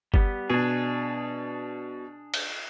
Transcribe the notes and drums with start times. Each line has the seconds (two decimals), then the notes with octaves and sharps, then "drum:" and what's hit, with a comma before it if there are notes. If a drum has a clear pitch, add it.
0.14 G3 B3, drum: kick
0.50 B2 D4 G#4
2.34 drum: cymbal